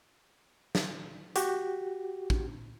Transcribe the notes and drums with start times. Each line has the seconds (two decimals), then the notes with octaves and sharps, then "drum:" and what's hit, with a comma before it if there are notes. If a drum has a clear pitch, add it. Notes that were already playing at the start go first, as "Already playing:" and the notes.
0.75 drum: snare
1.36 F#4 G4, drum: hi-hat
2.30 drum: kick